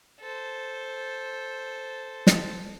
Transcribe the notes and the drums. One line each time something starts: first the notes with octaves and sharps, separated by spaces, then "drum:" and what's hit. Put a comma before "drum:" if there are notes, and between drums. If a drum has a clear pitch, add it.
A4 C5
drum: snare